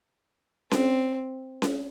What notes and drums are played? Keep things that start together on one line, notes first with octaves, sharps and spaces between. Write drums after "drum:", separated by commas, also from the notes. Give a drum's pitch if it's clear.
C4, drum: snare C#4
drum: snare C#4